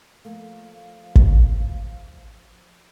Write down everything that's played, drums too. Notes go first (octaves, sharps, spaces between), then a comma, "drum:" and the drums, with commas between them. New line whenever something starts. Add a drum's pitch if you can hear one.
F3 A3 A#3 F5
drum: kick